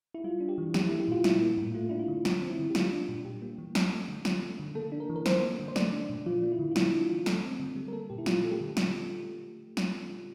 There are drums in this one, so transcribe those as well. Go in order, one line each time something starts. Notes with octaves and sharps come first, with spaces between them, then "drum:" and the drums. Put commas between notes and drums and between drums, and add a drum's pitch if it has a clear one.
E4
G3 F4
D4
G4
E3
F3 G4, drum: snare
A3 E4
G4
A#2 F4
G3 E4, drum: snare
A#3
A2
A3 F4
D4 E4
F4
D3
F3, drum: snare
C4
E4
D3
G4
A3 F4, drum: snare
D4
A#2
G3 G4
A#3
E3
F3, drum: snare
A3
D3
F3, drum: snare
A3
D3
A#3 A4
D4
A#4
E3
A#4
F3 C5, drum: snare
A#3
D3
C5
A3 D5, drum: snare
D4
A#2
F3 F4
A#3
E4
D3
F4
A#3 E4, drum: snare
D4
F4
E3
A3 A4, drum: snare
C4
D3
G3
A#4
A#3 A4
A#2 G4
E4
F3 F4, drum: snare
A3 A4
G4
D3
drum: snare
drum: snare